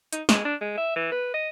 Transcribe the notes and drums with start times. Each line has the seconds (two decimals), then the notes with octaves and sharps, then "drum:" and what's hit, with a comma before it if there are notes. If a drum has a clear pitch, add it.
0.13 D#4, drum: hi-hat
0.29 G#3, drum: snare
0.45 D4
0.61 G#3
0.78 E5
0.96 E3
1.12 B4
1.34 D#5